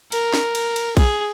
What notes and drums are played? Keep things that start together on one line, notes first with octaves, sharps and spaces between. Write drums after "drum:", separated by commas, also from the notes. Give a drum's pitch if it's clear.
A#4, drum: cymbal
drum: snare
drum: cymbal
drum: cymbal
G#4, drum: kick A#1, cymbal